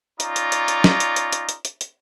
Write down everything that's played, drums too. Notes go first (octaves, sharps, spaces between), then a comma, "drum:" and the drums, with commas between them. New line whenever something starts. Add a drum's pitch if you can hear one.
C#4 D#4 F4 D5 A#5, drum: hi-hat
drum: hi-hat
drum: hi-hat
drum: hi-hat
drum: snare
drum: hi-hat
drum: hi-hat
drum: hi-hat
drum: hi-hat
drum: hi-hat
drum: hi-hat